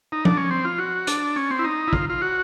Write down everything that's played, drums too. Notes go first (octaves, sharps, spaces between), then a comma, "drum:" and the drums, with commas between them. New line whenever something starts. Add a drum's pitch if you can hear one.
D#4
D4, drum: tom F3
C#4
C4
F4
F#4
D4, drum: hi-hat
C#4
C4
E4
D#4
E4
F4, drum: kick
F4
F#4